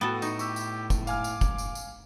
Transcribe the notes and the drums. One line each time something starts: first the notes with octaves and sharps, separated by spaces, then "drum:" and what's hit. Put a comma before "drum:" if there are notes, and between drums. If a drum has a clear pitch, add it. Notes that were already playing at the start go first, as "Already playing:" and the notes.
A2 B3 F#4 A4 G5
D#4 C#6, drum: tambourine
G4 C#6 E6, drum: tambourine
drum: tambourine
drum: kick, tambourine
F5 G#5 D6 F6, drum: tambourine
drum: tambourine
drum: kick, tambourine
drum: tambourine
drum: tambourine